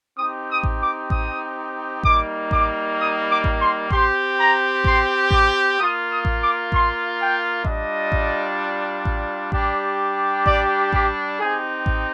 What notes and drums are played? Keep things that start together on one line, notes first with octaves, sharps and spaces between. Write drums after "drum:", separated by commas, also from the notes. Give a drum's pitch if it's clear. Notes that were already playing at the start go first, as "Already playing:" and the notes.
C4 D#4 G4 D#6
D#6
drum: kick A1
D6
D#6, drum: kick A1
G3 A#3 D#4 D6, drum: kick A1
D6, drum: kick A1
D#6
D6
drum: kick A1
C6
C4 G4 C6, drum: kick A1
A#5
C6, drum: kick A1
D6, drum: kick A1
A#3 F4 D#6
D#6
drum: kick A1
D6
C6, drum: kick A1
G5
G3 D4 F4 D#5, drum: kick A1
drum: kick A1
drum: kick A1
G3 D4 G4, drum: kick A1
D5, drum: kick A1
G4, drum: kick A1
C4 D#4 G4 G#4
drum: kick A1